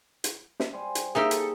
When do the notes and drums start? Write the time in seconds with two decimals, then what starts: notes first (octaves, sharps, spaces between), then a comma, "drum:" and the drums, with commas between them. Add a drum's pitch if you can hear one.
0.24 drum: hi-hat
0.60 drum: snare
0.73 G3 C5 G#5
0.95 drum: hi-hat
1.15 A#3 D#4 G4 G#4 E5 E6 F6
1.31 A4, drum: hi-hat